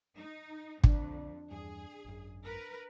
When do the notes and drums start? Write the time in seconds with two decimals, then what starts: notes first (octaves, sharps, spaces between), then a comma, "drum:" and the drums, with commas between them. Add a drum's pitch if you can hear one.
0.18 D#4
0.84 B1 F2 D3 D4, drum: kick
1.51 E2 G2 G#4
2.05 G#1 F#2
2.44 A#4 B4